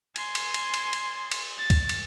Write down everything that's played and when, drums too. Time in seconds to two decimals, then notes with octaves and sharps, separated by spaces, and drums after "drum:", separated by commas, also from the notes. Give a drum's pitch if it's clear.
0.16 G#5 C6, drum: cymbal
0.35 drum: cymbal
0.54 drum: cymbal
0.74 drum: cymbal
0.93 drum: cymbal
1.31 drum: cymbal
1.58 A6
1.70 drum: kick, cymbal
1.89 drum: cymbal